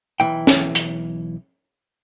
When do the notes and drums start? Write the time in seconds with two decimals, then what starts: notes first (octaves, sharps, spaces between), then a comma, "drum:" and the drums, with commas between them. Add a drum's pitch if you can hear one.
0.20 B1 E3 G5
0.47 drum: snare
0.75 drum: hi-hat